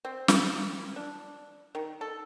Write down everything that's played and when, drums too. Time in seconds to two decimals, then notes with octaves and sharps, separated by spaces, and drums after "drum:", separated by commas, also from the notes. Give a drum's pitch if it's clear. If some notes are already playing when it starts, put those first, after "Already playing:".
0.05 C4
0.28 A#3, drum: snare
0.96 D4
1.75 D#3
2.01 A4